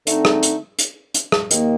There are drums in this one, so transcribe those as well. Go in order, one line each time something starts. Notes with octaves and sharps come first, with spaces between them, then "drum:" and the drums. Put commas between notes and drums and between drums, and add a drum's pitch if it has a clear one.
D3 A3 C4 D#4, drum: hi-hat
drum: rim click
drum: hi-hat
drum: hi-hat
drum: hi-hat
drum: rim click
D#2 D#3 A#3, drum: hi-hat